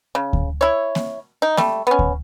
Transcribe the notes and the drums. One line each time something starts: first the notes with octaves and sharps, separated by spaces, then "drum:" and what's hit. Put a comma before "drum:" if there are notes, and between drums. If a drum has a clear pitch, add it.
C#3
drum: kick D2
E4 C#5
drum: snare A#3
D#4
G3 A3, drum: snare A#3
B3 C#4
drum: kick D2